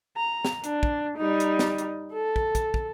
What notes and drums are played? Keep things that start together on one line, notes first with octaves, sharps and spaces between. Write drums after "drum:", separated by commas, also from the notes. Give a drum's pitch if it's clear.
A#5
drum: snare
D4, drum: hi-hat
drum: kick
G3 D#4
drum: hi-hat
drum: snare
drum: hi-hat
A4
drum: kick
drum: kick, hi-hat
drum: kick